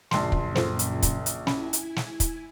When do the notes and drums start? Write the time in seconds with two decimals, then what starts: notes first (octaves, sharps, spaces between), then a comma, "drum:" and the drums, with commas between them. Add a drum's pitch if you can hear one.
0.11 A#1 F#2 A#2 C#3 A5 C6, drum: snare
0.32 drum: kick
0.55 F4 A4 C5, drum: snare
0.79 drum: hi-hat
1.02 drum: kick, hi-hat
1.26 drum: hi-hat
1.47 C#4 E4 G#5 B5, drum: snare
1.73 drum: hi-hat
1.96 drum: snare
2.20 drum: kick, hi-hat